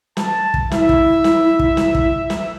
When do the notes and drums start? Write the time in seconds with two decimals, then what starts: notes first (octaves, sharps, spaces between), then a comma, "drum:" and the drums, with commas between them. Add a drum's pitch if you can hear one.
0.17 A5, drum: snare
0.54 drum: kick
0.71 E4 E5, drum: snare
0.89 drum: kick
1.24 drum: snare
1.59 drum: kick
1.77 drum: snare
1.95 drum: kick
2.30 drum: snare